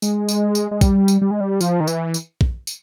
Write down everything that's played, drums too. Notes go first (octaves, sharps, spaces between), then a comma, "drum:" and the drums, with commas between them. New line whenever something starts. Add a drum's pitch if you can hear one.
G#3, drum: tambourine
drum: tambourine
drum: tambourine
G#3
G3, drum: kick, tambourine
drum: tambourine
G3
G#3
G3
F3, drum: tambourine
D#3
E3, drum: tambourine
drum: tambourine
drum: kick
drum: tambourine